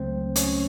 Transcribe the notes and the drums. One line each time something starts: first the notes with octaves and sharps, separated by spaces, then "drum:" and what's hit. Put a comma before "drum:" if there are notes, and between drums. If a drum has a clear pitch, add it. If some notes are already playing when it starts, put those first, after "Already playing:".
Already playing: C#2 C#3 F#3 A3 C4 C5
C#4 C#5, drum: hi-hat